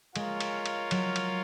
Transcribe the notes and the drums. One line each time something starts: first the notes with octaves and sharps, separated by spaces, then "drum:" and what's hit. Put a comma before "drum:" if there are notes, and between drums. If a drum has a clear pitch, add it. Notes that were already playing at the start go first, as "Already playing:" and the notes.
G#3 F4 A#4 C#5 F5, drum: cymbal
drum: cymbal
drum: cymbal
F#3, drum: cymbal
drum: cymbal